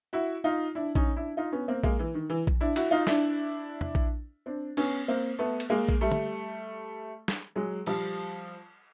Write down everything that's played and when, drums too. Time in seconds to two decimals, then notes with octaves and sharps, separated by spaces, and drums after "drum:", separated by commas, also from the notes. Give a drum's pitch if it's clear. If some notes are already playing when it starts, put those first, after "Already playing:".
0.13 E4 F#4
0.44 D#4 F4
0.75 D4 E4
0.95 C#4 D#4, drum: kick A#1
1.16 D4 E4
1.37 D#4 F4
1.52 B3 C#4
1.68 A#3 C4
1.84 G#3 A#3, drum: kick A#1
1.99 E3
2.14 D#3
2.30 E3
2.47 drum: kick A#1
2.61 D4 E4
2.76 E4 F#4, drum: cymbal
2.91 D#4 F4
3.07 D4 E4, drum: snare
3.81 drum: tom
3.95 drum: kick A#1
4.46 C4 D4
4.77 B3 C#4, drum: cymbal
5.08 A#3 C4
5.39 A3 B3
5.60 drum: cymbal
5.70 G#3 A#3
5.89 drum: kick A#1
6.01 G3 A3
6.12 drum: tom
7.28 drum: snare
7.56 F#3 G#3
7.86 F3 G3, drum: cymbal